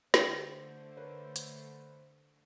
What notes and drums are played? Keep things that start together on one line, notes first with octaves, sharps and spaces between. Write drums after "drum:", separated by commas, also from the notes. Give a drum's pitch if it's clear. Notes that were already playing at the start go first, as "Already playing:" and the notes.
D3 A3 D4 G#4 C5 G5, drum: snare
A#4 B4 C#5
drum: hi-hat